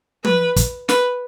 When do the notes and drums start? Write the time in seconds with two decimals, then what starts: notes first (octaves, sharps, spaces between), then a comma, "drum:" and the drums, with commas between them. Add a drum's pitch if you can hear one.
0.25 B4, drum: tom
0.56 drum: kick, hi-hat
0.89 B4, drum: snare